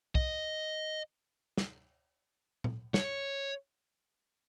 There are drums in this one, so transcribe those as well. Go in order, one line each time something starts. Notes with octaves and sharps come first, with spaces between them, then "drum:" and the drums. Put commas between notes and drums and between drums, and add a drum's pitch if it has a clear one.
D#5, drum: kick B1
drum: snare
drum: tom A#2
C#5, drum: snare